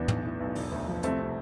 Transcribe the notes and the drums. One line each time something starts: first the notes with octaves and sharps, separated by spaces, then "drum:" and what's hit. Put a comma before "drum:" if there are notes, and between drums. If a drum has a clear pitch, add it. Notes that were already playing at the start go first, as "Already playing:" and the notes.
Already playing: E2 B3 D4
B1, drum: tom
A2
B1
E1, drum: open hi-hat
D2
F3
C2 A3 C4, drum: hi-hat
C3